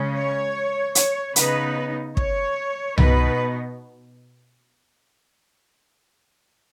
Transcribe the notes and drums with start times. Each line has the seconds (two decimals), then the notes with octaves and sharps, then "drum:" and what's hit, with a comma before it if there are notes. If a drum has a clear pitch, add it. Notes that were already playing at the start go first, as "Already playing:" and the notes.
Already playing: C#3 G#3 C#4
0.15 C#5
0.95 C#5, drum: hi-hat
1.36 C#3 B3 D#4 B4, drum: hi-hat
2.17 C#5, drum: kick
2.98 B2 B3 D#4 B4, drum: tom C2